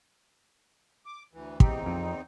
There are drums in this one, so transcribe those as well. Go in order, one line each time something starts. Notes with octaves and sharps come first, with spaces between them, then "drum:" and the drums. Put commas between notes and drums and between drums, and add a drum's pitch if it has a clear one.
D6
D2 E3
E2 C4 D#4 G4, drum: kick
F2